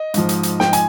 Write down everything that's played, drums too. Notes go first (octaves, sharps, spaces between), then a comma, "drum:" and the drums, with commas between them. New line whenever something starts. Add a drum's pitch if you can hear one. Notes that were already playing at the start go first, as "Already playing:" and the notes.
Already playing: D#5
G#2 F3, drum: hi-hat
drum: hi-hat
drum: hi-hat
G5, drum: snare
G#5, drum: hi-hat